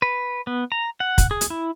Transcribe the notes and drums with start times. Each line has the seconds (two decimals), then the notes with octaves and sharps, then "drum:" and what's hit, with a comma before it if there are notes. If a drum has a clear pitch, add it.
0.02 B4
0.47 B3
0.72 A#5
1.00 F#5
1.18 drum: kick, hi-hat
1.31 G#4
1.41 drum: hi-hat
1.50 E4